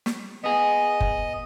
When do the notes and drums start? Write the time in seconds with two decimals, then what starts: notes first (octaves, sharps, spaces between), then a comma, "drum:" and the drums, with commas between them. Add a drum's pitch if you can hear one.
0.06 drum: snare
0.44 B3 G#4 D#5
1.00 drum: kick F#1